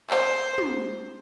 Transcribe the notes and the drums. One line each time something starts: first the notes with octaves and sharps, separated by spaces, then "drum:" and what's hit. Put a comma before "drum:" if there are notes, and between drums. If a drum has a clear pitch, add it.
C5, drum: clap
drum: tom